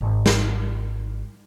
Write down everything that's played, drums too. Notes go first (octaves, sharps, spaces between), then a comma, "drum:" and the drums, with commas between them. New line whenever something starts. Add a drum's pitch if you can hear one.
G#1
drum: snare